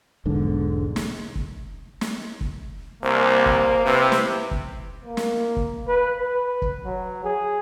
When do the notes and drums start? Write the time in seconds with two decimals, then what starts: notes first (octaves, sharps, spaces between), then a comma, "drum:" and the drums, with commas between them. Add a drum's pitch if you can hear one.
0.25 E1 B1 G#2 D3
0.96 drum: snare
1.35 drum: kick
2.01 drum: snare
2.41 drum: kick
3.03 C2 A#3 C5
3.46 drum: kick
3.85 C3 E4 B4
4.12 drum: snare
4.51 drum: kick
5.05 A#3
5.17 drum: snare
5.56 drum: kick
5.87 B4
6.18 B4
6.62 drum: kick
6.85 F#3
7.24 G#4